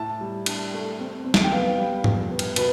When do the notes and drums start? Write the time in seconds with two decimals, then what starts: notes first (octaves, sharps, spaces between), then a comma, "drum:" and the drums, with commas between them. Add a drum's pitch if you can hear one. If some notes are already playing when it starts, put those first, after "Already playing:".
Already playing: A2 A5
0.21 G3
0.46 D4, drum: cymbal
0.73 A3
1.00 C4
1.25 C4
1.34 drum: snare
1.44 G5
1.52 B3 F5
1.78 G3
2.04 F2, drum: tom G#2
2.30 B3
2.39 drum: cymbal
2.56 B2 B4, drum: cymbal